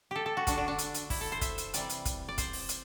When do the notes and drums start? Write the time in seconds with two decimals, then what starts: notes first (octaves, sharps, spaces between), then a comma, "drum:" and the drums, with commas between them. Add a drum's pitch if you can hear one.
0.11 G4 A4
0.26 A4
0.37 F#4
0.47 D3 A3 D4, drum: kick, hi-hat
0.58 D4
0.68 D4
0.79 drum: hi-hat
0.95 drum: hi-hat
1.10 E4, drum: kick, open hi-hat
1.21 A4
1.32 C5
1.41 E5, drum: kick, hi-hat
1.58 drum: hi-hat
1.74 C3 E3 G3 D5, drum: hi-hat
1.90 drum: hi-hat
2.06 drum: kick, hi-hat
2.28 D5
2.38 C5, drum: kick, hi-hat
2.53 drum: open hi-hat
2.69 drum: hi-hat